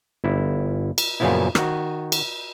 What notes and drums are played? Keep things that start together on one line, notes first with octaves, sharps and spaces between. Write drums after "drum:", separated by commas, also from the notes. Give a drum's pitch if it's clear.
G1 E4
drum: cymbal
F#2 A#2 C#3 F3 B3 E4
D#3 F#4, drum: rim click
drum: cymbal